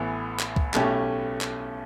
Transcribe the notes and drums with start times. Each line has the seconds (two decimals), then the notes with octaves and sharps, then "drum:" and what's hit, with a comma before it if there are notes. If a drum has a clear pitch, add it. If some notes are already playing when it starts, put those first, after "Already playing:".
Already playing: A1 A2 E3 B3
0.40 drum: clap
0.56 drum: kick C#2
0.74 B1 B2 A3 C#4 G4, drum: clap
1.41 drum: clap